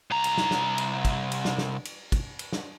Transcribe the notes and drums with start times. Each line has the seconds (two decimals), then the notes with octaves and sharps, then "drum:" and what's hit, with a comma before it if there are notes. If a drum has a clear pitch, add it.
0.11 C2 A#5
0.24 drum: cymbal
0.38 drum: snare
0.51 drum: snare
0.78 drum: cymbal
1.05 drum: kick, cymbal
1.32 drum: cymbal
1.45 drum: snare
1.58 drum: snare
1.85 drum: cymbal
2.12 drum: kick, cymbal
2.39 drum: cymbal
2.53 drum: snare